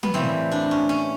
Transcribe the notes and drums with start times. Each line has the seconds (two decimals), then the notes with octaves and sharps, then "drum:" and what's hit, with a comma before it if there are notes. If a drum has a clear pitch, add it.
0.03 B3, drum: tom
0.14 A2 E3 G3 A#3 C4
0.51 D4
0.71 C#4
0.89 C#4